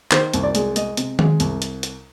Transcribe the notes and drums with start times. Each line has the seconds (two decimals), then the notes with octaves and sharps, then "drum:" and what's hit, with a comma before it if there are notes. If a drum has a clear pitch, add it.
0.11 D#3 C5, drum: clap
0.34 C2, drum: hi-hat
0.43 D5
0.55 G#3, drum: hi-hat
0.76 G#3 D#5, drum: hi-hat
0.97 C3, drum: hi-hat
1.19 G#3, drum: tom D#3
1.40 C2, drum: hi-hat
1.62 drum: hi-hat
1.83 drum: hi-hat